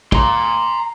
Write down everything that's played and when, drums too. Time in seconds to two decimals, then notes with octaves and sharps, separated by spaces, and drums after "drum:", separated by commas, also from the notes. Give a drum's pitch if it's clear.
0.12 A#5 C6, drum: kick